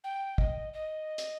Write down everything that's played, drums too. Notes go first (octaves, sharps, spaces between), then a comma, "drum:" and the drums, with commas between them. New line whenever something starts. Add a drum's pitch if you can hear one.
G5
D#5, drum: kick
D#5
drum: hi-hat